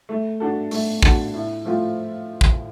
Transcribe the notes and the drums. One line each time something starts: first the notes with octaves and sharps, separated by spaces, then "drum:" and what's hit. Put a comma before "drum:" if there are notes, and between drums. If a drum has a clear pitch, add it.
A3
D4 F#4 A4
A3, drum: open hi-hat
D4 F#4 A4, drum: kick
A2
F3 A3 C4 F4
drum: kick